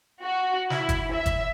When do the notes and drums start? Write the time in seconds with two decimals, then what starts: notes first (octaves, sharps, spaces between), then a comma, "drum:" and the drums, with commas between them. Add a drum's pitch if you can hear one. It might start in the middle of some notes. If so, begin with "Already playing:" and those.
0.22 F#4
0.70 E4, drum: snare
0.89 drum: kick, hi-hat
1.14 E5
1.26 drum: kick, hi-hat